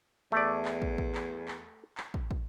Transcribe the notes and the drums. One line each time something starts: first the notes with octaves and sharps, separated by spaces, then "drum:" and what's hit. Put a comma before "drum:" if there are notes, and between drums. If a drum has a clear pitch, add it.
E2 A3 D5
drum: clap
drum: kick
drum: kick
drum: clap
drum: clap
drum: clap
drum: kick
drum: kick